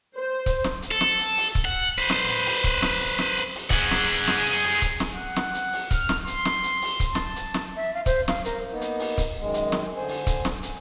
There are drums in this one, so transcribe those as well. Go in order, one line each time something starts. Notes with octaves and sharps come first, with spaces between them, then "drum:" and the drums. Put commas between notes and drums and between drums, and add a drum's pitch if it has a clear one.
C5
drum: kick C#1, hi-hat
drum: snare
drum: hi-hat
A4
drum: snare
drum: hi-hat
drum: open hi-hat
drum: kick C#1
F#5
B4 C5
drum: snare
drum: hi-hat
drum: open hi-hat
drum: kick C#1, hi-hat
drum: snare
drum: hi-hat
drum: snare
drum: hi-hat
drum: open hi-hat
G#4 F#5, drum: kick C#1, hi-hat
drum: snare
drum: hi-hat
drum: snare
drum: hi-hat
drum: open hi-hat
drum: kick C#1, hi-hat
drum: snare
F#5
drum: snare
drum: hi-hat
drum: open hi-hat
F6, drum: kick C#1, hi-hat
drum: snare
C6, drum: hi-hat
drum: snare
drum: hi-hat
drum: open hi-hat
drum: kick C#1, hi-hat
A5, drum: snare
drum: hi-hat
drum: snare
E5
F5
C5, drum: kick C#1, hi-hat
F5, drum: snare
A#4, drum: hi-hat
A#3 B3 D#4
drum: hi-hat
drum: open hi-hat
drum: kick C#1, hi-hat
F#2 D#3 G#3
drum: hi-hat
drum: snare
D3 C5 G#5
drum: open hi-hat
drum: kick C#1, hi-hat
drum: snare
drum: hi-hat